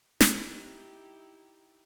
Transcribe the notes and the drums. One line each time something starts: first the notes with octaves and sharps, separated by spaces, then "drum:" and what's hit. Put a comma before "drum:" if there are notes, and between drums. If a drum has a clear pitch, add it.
D#4 E4 G4, drum: snare